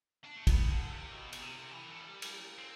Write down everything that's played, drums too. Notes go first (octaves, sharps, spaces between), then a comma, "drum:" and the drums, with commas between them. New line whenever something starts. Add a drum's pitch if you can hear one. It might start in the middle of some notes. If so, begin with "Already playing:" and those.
D4
A3
B3, drum: kick, cymbal
D3
C3
B2
B2, drum: cymbal
C3
E3
A3
G3
drum: cymbal
C4